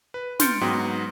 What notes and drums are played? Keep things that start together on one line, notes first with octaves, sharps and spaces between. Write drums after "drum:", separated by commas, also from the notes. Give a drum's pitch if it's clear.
B4
C6 F6 G6 A6 C#7 D7, drum: snare
G#2 F#3 B3 G5 D#6